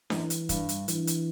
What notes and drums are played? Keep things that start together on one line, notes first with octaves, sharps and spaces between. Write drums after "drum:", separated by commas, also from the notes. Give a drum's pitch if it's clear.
F#2 E3, drum: snare D4
drum: hi-hat
G2, drum: kick, hi-hat
drum: hi-hat
E3, drum: hi-hat
drum: hi-hat